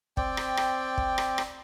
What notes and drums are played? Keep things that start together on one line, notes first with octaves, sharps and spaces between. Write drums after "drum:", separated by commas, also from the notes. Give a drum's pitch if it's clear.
C4 D5 G5, drum: kick
drum: rim click
drum: rim click
drum: kick
drum: rim click
drum: rim click